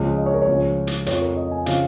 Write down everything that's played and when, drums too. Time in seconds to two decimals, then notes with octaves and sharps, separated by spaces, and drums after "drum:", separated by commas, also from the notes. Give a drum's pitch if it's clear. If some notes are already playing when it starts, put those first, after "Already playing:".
Already playing: C#2 C#3 F3 D#5
0.18 D#5
0.26 C#5
0.34 A#4
0.42 C#5
0.48 C#2 C#3 F3
0.87 drum: hi-hat
1.06 F2 F3 C#5, drum: hi-hat
1.22 A#4
1.36 D#5
1.51 G#5
1.66 C#3 F3 F5, drum: hi-hat